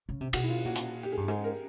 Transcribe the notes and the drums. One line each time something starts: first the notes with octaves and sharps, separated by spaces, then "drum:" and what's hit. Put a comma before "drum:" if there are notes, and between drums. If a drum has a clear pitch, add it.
C#3
C3
B2 F#4, drum: cymbal
E4
F4
A#2 F#4
drum: hi-hat
G4
G#4
G2
G#2 G#4
A#4